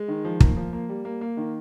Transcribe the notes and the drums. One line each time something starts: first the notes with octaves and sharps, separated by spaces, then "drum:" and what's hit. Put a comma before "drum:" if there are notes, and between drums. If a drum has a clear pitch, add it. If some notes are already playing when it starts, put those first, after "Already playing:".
Already playing: G#3
D#3
F3
A#3, drum: kick
F3
A#3
G3
A#3
A#3
D#3